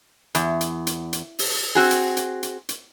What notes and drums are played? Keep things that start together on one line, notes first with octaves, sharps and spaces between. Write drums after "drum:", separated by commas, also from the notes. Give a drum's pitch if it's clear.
E2, drum: hi-hat
drum: hi-hat
drum: hi-hat
drum: hi-hat
drum: open hi-hat
C4 F#4 G#4
drum: hi-hat
drum: hi-hat
drum: hi-hat
drum: hi-hat